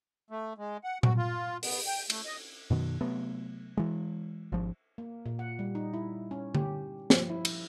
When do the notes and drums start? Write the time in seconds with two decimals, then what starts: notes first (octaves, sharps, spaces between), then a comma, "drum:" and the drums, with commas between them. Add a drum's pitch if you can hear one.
0.30 A3
0.58 G#3
0.84 F#5
1.03 F#4, drum: tom A#2
1.17 F4
1.63 B3, drum: open hi-hat
1.87 G5
2.10 A3, drum: cymbal
2.26 D#5
2.70 F#2 B2 D#3
3.01 C3 F#3 A3 B3
3.77 E3 G#3
4.52 G#1 F3
4.98 A#3
5.26 A#2
5.39 F#5
5.59 G3
5.75 D#4
5.94 E4
6.31 C#4
6.55 G4, drum: tom D3
7.10 F3, drum: snare
7.30 E4
7.45 drum: cymbal